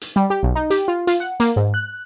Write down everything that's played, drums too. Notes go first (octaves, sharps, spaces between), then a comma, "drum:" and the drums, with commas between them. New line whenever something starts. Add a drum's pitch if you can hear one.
drum: hi-hat
G3
G4
B1
D#4
G4, drum: hi-hat
F4
F4, drum: hi-hat
F#5
A#3, drum: hi-hat
G#2
F#6